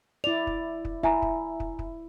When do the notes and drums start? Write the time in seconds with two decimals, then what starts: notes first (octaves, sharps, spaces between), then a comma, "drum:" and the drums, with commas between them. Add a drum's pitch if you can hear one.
0.24 E4 D5 F7
0.47 drum: kick
0.85 drum: kick
1.03 E4 E5 G#5 A#5, drum: kick
1.22 drum: kick
1.60 drum: kick
1.79 drum: kick